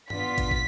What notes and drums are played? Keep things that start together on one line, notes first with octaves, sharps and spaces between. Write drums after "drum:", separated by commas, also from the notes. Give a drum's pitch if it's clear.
B3 D4 F4 B6, drum: tom G2
drum: kick, hi-hat
drum: kick